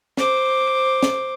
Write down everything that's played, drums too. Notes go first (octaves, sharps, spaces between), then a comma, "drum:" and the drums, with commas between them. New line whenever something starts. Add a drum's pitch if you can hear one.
C5 D6, drum: snare
drum: snare